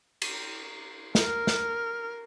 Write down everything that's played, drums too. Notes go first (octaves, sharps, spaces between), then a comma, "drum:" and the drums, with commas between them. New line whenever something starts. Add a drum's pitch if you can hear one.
drum: cymbal
A#4 F6, drum: snare
drum: snare